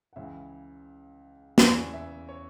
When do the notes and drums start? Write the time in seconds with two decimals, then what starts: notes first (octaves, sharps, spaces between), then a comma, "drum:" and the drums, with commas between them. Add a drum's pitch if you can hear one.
0.13 F#5
0.16 C#2 C#3 E3 E5
1.58 E2 C#3 E3 C#5, drum: snare
1.94 E5
2.29 C#5